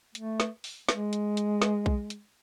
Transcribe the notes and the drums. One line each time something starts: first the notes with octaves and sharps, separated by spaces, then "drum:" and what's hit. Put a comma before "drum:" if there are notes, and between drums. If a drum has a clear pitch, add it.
A3, drum: hi-hat
drum: snare
drum: open hi-hat
G#3, drum: snare
drum: hi-hat
drum: hi-hat
drum: snare
drum: kick B1
drum: hi-hat